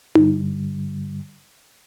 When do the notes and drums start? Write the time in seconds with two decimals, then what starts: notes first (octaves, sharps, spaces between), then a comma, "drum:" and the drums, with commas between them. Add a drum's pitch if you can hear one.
0.15 G2 D3 G3, drum: tom D#4